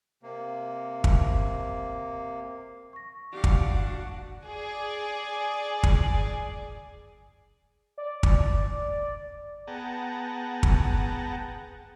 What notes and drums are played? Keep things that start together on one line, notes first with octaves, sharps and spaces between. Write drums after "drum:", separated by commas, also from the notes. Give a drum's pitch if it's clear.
C3 A#3
drum: kick
C#6 A#6
D4 G4 F5 F#5
drum: kick
F#4 F#5
G#4 D5
drum: kick
D5
drum: kick
B3 G#4 F#5 G5 A5 A#5
drum: kick